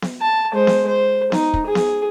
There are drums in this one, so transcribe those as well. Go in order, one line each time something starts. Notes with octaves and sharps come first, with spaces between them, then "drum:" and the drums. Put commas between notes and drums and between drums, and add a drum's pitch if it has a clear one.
drum: snare B3
A5
G#3 C5
drum: snare B3
C5
D#4, drum: snare B3
drum: kick
G#4
drum: snare B3